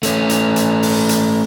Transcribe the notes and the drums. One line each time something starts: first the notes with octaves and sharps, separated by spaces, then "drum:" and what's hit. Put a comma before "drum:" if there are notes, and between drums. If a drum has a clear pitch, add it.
A3 C#4, drum: hi-hat
drum: hi-hat
drum: hi-hat
drum: open hi-hat
drum: hi-hat